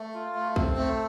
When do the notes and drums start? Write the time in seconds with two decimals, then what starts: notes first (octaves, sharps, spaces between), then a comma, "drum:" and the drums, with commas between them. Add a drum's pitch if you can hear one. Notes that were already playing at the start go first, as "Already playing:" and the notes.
Already playing: A3
0.14 F4
0.35 A3
0.56 C4, drum: kick
0.77 A3